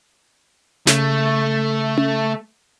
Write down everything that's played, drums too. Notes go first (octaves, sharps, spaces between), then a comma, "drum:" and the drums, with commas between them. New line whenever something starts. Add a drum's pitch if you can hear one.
C#3 A3, drum: snare
drum: tom C#4